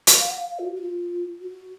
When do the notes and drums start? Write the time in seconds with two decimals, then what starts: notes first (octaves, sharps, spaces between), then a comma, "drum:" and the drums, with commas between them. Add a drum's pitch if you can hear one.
0.07 drum: hi-hat
0.19 F5
0.29 F#5
0.39 F5
0.50 F5
0.59 F4
0.65 F#4
0.76 F#4
0.81 F4
1.41 F#4